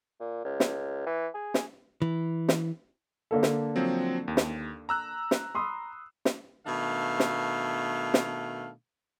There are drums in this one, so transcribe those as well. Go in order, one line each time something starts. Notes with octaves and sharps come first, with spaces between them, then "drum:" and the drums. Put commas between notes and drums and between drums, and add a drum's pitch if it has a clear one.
A#2
C#2
drum: snare
E3
G#4
drum: snare
E3
drum: snare
D3 A#3 A4
drum: snare
F3 F#3 C4
D#2
drum: snare
A#5 E6 F#6
drum: snare
B5 C6 D#6
drum: snare
B2 D#3 A3 D4 F5
drum: snare
drum: snare